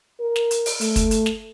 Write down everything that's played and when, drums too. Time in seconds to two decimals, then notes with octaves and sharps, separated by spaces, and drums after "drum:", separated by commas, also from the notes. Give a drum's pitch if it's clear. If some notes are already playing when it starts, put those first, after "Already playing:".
0.20 A#4
0.36 drum: snare
0.51 drum: hi-hat
0.66 drum: open hi-hat
0.81 A3, drum: hi-hat
0.96 drum: kick, hi-hat
1.11 drum: hi-hat
1.26 drum: snare